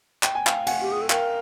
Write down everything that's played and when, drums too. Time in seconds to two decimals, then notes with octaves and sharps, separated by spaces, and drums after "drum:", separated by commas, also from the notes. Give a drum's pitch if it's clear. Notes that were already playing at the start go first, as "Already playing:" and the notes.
0.23 G5, drum: clap
0.35 G#5
0.47 F5 G5, drum: clap
0.67 F#5 G#5, drum: cymbal
0.82 G4
0.92 G#4
1.02 A4
1.10 A#4 F5 G5, drum: clap